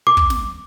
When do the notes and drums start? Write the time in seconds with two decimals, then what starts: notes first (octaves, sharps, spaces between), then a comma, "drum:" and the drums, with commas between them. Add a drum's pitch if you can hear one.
0.07 D6
0.17 drum: kick
0.30 drum: snare